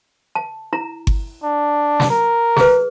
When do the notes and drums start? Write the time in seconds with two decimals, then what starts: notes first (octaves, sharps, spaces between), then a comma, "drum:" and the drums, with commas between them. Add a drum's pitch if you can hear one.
0.35 A5
0.73 E4 A#5
1.07 drum: kick G1
1.43 D4
2.00 drum: snare
2.10 A#4
2.56 G#4 B4, drum: snare